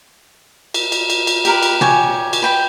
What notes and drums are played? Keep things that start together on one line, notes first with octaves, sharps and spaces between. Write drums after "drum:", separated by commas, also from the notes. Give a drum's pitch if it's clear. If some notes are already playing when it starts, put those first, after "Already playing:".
drum: cymbal
drum: cymbal
drum: cymbal
drum: cymbal
G4 A#4 B4, drum: cymbal
drum: cymbal
G4 C#5 G#5, drum: tom B2
drum: cymbal
B4 G5 B5